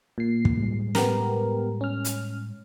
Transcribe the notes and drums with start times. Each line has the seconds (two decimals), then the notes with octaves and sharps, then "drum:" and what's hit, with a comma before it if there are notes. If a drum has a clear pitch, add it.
0.18 A#2 C7
0.45 drum: kick
0.56 A2 G3 G#3
0.95 B3 G4 A#4, drum: snare
1.81 C#4 F6
2.04 drum: hi-hat